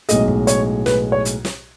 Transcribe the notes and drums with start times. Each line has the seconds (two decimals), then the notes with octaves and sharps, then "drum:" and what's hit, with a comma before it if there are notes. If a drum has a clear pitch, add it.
0.09 B1 A2 G#3 D#5, drum: hi-hat
0.28 drum: kick
0.47 C#5, drum: hi-hat
0.86 B4, drum: snare
1.12 C#5
1.25 drum: hi-hat
1.45 drum: snare